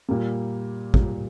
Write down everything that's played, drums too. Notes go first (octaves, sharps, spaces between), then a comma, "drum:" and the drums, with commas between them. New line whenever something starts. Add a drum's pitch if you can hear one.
A#2 G3 A#3
A#2 G3 A#3, drum: kick